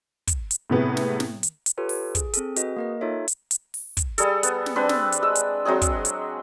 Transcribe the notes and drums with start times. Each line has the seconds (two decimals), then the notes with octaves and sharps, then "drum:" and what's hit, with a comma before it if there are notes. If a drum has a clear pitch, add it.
0.28 drum: kick, hi-hat
0.51 drum: hi-hat
0.70 A2 C3 B3 G#4
0.97 drum: snare
1.20 drum: snare
1.43 drum: hi-hat
1.66 drum: hi-hat
1.78 F4 G4 A4 B4 C#5
1.89 drum: open hi-hat
2.15 G#4, drum: kick, hi-hat
2.34 C4 G#4 A4, drum: hi-hat
2.56 F#4 G#4 B4 D#5, drum: hi-hat
2.77 A#3 A#4 D#5
3.01 D#4 F4 A4 C#5 E5
3.28 drum: hi-hat
3.51 drum: hi-hat
3.74 drum: open hi-hat
3.97 drum: kick, hi-hat
4.18 G3 G#4 A4, drum: hi-hat
4.43 B3, drum: hi-hat
4.66 drum: snare
4.76 C4 D4 B4
4.89 drum: snare
5.12 drum: hi-hat
5.22 G#3 E6
5.35 drum: hi-hat
5.65 F#3 G#3 C4 G#4
5.82 drum: kick, hi-hat
6.05 drum: hi-hat